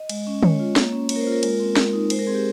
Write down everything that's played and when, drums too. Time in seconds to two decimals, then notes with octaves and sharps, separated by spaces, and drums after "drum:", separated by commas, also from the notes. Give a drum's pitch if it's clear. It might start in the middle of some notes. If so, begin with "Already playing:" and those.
Already playing: D#5
0.09 G#3, drum: cymbal
0.27 C#4
0.43 G#3 C#5, drum: tom
0.59 F4
0.76 A#3, drum: snare
0.92 C#4
1.09 A#3 C#5, drum: cymbal
1.16 A#4
1.20 C5
1.27 F4
1.32 A#4
1.43 G#3, drum: cymbal
1.60 C4
1.77 G#3, drum: snare
1.93 D#4
2.10 G#3 C5, drum: cymbal
2.19 A#4
2.27 C4 G#4
2.35 G4